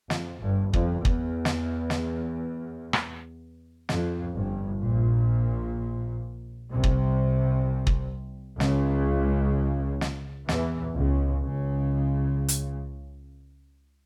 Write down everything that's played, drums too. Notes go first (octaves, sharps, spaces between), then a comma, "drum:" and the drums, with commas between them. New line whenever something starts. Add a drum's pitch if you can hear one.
F2, drum: snare
G1 G2
F2, drum: kick
E2, drum: kick
drum: snare
drum: snare
drum: rim click
F2, drum: snare
G1 G2
A#1 A#2
C2 C3
drum: kick
drum: kick
C#2 C#3, drum: snare
drum: snare
E2 E3, drum: snare
C#2 C#3
C#2 C#3
drum: hi-hat